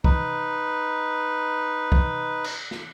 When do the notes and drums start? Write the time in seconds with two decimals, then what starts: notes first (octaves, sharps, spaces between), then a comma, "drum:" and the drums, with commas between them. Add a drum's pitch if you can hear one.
0.04 D#4 B4, drum: kick
1.92 drum: kick
2.44 drum: cymbal
2.71 drum: snare